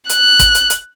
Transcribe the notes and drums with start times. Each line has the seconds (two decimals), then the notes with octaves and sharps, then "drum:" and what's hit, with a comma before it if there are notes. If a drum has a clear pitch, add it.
0.10 F#6, drum: hi-hat
0.39 drum: kick, hi-hat
0.55 drum: hi-hat
0.70 drum: hi-hat